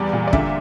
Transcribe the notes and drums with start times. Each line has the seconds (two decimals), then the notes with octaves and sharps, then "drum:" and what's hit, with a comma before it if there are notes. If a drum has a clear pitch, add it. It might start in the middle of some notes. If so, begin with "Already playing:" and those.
Already playing: E2 G3 D5
0.13 A#2
0.28 D5
0.33 D3 E5, drum: kick